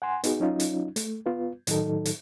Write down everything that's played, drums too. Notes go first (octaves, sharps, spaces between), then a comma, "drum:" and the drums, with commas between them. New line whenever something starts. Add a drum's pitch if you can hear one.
F#5 G#5 C6
B3 D#4 F#4 G#4, drum: hi-hat
F#3 C#4 D#4 F4
drum: hi-hat
A3, drum: hi-hat
B3 F4 B4
A2 D#3 F#3 D#4 A4, drum: hi-hat
drum: hi-hat